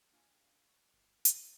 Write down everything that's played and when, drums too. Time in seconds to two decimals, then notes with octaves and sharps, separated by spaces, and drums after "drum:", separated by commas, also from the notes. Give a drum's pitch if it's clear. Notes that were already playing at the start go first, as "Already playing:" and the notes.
0.12 A#3 D4 F4 F5 G5 G#5
0.68 C#6 C7
0.94 G1
1.25 C5 C#5, drum: hi-hat